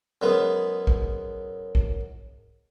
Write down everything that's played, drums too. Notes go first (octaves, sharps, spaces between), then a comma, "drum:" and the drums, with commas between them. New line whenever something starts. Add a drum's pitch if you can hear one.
F#2 G#3 B3
drum: kick
drum: kick